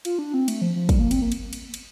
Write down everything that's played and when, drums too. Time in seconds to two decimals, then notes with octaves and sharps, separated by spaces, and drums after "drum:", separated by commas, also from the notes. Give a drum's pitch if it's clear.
0.05 F4, drum: cymbal
0.19 D4
0.34 C4
0.48 A3, drum: cymbal
0.62 F3
0.75 F3
0.89 G3, drum: kick, cymbal
0.99 A#3
1.11 C4, drum: cymbal
1.22 A#3
1.32 drum: cymbal
1.53 drum: cymbal
1.74 drum: cymbal